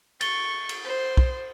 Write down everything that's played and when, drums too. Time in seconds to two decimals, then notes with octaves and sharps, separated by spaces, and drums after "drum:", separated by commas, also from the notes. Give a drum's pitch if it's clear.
0.21 C#6 A6 G7, drum: cymbal
0.69 drum: cymbal
0.85 C5
1.17 drum: kick